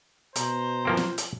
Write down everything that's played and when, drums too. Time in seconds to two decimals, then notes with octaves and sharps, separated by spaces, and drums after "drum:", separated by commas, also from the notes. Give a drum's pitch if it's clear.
0.36 B2 C5 A#5, drum: hi-hat
0.85 F3 A#3 C4
0.97 drum: snare
1.18 drum: hi-hat